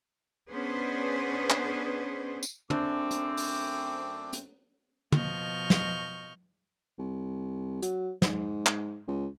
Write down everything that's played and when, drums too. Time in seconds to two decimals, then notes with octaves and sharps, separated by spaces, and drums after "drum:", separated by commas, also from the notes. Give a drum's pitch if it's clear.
0.51 B3 C#4 D4 G#4 B4 C5
1.50 drum: clap
2.43 drum: tambourine
2.70 F#2 A3 C4 D4 D6, drum: tom
3.11 drum: hi-hat
3.37 drum: open hi-hat
4.33 drum: hi-hat
5.12 B2 F3 D#5 C#6 F6 G6, drum: tom
5.70 drum: snare
6.99 C2
7.82 F#3, drum: hi-hat
8.22 G#2, drum: snare
8.66 drum: clap
9.08 C#2